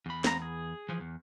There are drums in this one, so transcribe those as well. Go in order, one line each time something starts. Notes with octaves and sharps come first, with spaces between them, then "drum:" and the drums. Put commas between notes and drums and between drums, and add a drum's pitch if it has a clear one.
E2 B5
C4 A#5, drum: snare
G#4
E3 F3
E2